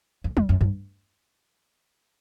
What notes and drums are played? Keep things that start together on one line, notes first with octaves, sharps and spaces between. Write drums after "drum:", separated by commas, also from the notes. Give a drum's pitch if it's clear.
F2
F2, drum: tom F#3
F#2
G2, drum: tom G2